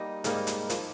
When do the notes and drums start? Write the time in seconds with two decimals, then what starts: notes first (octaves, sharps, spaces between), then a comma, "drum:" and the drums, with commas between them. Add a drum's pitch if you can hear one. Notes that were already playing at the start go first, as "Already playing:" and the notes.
Already playing: G3 A#3 D#4
0.24 G#2 G3 A#3 D#4, drum: hi-hat
0.47 drum: hi-hat
0.70 F3 A#3, drum: hi-hat